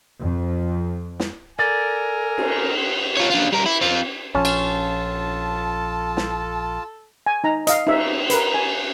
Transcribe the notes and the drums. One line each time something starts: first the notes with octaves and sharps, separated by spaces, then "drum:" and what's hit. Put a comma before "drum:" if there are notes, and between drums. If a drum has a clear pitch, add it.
F2
drum: snare
A4 A#4 D5 G#5
drum: cymbal
F4 C#5
D4 F4
G3 A#4
E4
C4 F4
A#1 F3 C#4 F4 A4 A5
drum: cymbal
drum: snare
G#5
D#4 A#5
D#5 F5, drum: hi-hat
D#4 E5, drum: cymbal
A#4 B4, drum: hi-hat
G#5